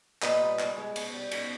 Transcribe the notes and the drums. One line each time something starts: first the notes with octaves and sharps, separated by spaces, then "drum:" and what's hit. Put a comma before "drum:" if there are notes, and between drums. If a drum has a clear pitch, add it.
A#2 B4 D#5, drum: clap
G3
B2, drum: clap
G#3
B2, drum: cymbal
G3
B2, drum: cymbal